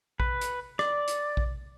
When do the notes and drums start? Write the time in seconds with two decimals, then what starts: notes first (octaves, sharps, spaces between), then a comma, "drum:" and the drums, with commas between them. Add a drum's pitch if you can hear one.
0.20 B4, drum: kick A#1
0.41 drum: hi-hat
0.79 D5, drum: rim click
1.08 drum: hi-hat
1.37 drum: kick A#1